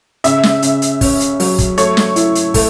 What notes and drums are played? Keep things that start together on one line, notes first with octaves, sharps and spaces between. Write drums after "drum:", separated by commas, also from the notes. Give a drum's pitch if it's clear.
C#3 E5, drum: hi-hat
drum: snare
C#3, drum: hi-hat
drum: hi-hat
C#4, drum: kick, open hi-hat
drum: hi-hat
F#3, drum: open hi-hat
drum: kick, hi-hat
A3 C#5, drum: hi-hat
drum: snare
E4, drum: hi-hat
drum: hi-hat
A3, drum: kick, open hi-hat